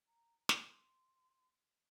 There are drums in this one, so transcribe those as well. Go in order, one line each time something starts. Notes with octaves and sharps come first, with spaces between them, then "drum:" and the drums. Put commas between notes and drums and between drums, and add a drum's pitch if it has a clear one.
A#5
C6, drum: snare